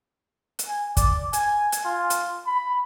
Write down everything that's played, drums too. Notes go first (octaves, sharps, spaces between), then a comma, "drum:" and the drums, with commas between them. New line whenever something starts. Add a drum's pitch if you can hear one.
drum: hi-hat
G#5
D5, drum: kick, hi-hat
G#5, drum: hi-hat
drum: hi-hat
F4
drum: hi-hat
B5